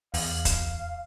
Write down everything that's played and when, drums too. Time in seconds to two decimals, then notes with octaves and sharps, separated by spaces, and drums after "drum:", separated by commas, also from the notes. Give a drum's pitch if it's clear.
0.14 E2 F5, drum: open hi-hat
0.45 drum: kick C#1, hi-hat